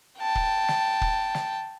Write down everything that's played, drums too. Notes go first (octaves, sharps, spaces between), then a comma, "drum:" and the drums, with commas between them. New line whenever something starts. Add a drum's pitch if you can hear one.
G5 A5
drum: kick
drum: snare
drum: kick
drum: snare